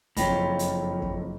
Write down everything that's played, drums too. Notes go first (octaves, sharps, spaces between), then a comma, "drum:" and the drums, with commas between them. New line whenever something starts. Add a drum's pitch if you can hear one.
F#1 F2 C#5 G5 B5, drum: kick, hi-hat
drum: hi-hat
drum: kick